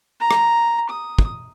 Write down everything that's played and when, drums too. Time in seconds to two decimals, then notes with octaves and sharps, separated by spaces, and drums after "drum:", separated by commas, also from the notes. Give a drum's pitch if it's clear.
0.21 A#5
0.31 drum: rim click
0.89 D#6
1.19 drum: kick